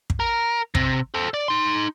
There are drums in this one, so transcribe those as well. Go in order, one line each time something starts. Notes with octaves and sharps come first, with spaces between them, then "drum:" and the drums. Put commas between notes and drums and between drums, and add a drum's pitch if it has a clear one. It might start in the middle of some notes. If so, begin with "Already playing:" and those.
drum: kick
A#4
C3, drum: kick
A4 C5
D5
D#4 C6